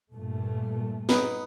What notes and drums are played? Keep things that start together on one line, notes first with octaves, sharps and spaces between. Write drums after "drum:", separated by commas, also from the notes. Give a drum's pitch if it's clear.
G2 A#2 A3
B3 D#4 B4, drum: snare B3